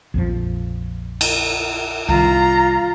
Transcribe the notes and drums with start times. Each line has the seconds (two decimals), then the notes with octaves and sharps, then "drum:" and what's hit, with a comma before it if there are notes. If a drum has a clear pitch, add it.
0.14 A#1 F2 F3
1.21 drum: cymbal
2.08 C2 D#3 F4 A#5